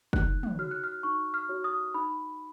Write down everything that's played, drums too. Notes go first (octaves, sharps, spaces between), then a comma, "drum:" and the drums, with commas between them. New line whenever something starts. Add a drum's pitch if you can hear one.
D#4 F#6, drum: kick
drum: tom
F#4 C#5 F6
F#6
F6
D#4 C#6
F6
F#4 C#5
D#6
D#4 B5